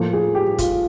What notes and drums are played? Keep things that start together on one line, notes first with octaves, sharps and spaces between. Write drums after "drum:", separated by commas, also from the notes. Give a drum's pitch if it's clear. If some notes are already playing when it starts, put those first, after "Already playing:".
Already playing: A2 F3 A#3
G#4
G4
F4, drum: kick, hi-hat